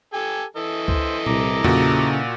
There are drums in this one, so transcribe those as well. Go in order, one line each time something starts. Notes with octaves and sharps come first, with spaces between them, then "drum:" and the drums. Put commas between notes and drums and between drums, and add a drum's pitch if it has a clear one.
G4 A4 G#5
E3 A4 D#5
C5 E6, drum: kick C#2
C2 A#5 D6, drum: tom A#2
A#2 C#3 F#4, drum: tom E2